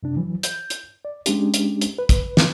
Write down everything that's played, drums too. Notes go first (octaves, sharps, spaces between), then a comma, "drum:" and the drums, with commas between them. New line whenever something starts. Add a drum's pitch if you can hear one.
F#2 C3 D4
E3 F#3
G6, drum: hi-hat
drum: hi-hat
D5
G#3 C#4 D4 G4, drum: hi-hat
drum: hi-hat
drum: hi-hat
B4
drum: kick, hi-hat
drum: snare